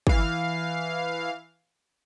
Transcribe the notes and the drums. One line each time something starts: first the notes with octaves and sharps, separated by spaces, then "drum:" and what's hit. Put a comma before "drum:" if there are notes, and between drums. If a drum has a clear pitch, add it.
E3 F5, drum: kick